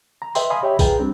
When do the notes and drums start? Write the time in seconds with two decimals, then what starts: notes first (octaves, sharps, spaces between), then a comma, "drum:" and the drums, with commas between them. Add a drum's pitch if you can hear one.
0.22 A#5
0.35 B4 D#5 E5 G5 C6, drum: tambourine
0.50 D#5 F5 G#5 B5 C6 D#6
0.63 G4 C#5 D#5 E5 G5 B5
0.79 F4 G#4 B4 G5 A#5, drum: kick, tambourine
0.99 G3 C4 D4